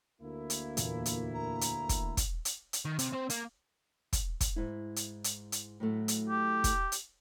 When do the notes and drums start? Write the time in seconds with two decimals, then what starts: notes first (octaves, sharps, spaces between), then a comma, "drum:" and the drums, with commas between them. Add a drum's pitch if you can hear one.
0.21 D2 A#3 E4
0.50 drum: hi-hat
0.77 E2 A#2, drum: hi-hat
1.06 drum: hi-hat
1.33 A#5
1.61 drum: hi-hat
1.89 drum: kick, hi-hat
2.17 drum: kick, hi-hat
2.45 drum: hi-hat
2.73 drum: hi-hat
2.85 D#3
2.99 C3, drum: hi-hat
3.12 C4 C5
3.30 A#3, drum: hi-hat
4.13 drum: kick, hi-hat
4.41 drum: kick, hi-hat
4.56 G#2 E4
4.96 drum: hi-hat
5.24 drum: hi-hat
5.52 drum: hi-hat
5.80 A2 F#3 A3
6.08 drum: hi-hat
6.29 G4
6.64 drum: kick, hi-hat
6.92 drum: hi-hat